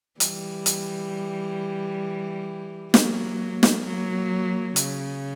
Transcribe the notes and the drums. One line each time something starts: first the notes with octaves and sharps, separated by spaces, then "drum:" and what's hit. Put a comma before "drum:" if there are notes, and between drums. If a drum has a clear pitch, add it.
E3 G3, drum: hi-hat
drum: hi-hat
F#3 A#3, drum: snare
drum: snare
F#3 A#3
C#3, drum: hi-hat